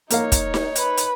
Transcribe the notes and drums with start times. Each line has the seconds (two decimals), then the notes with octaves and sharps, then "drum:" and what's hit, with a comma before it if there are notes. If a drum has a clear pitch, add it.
0.11 A#3 D#4 A#4 C#5 F5, drum: hi-hat
0.32 drum: kick, hi-hat
0.54 drum: snare D#4
0.76 B4, drum: hi-hat
0.98 drum: hi-hat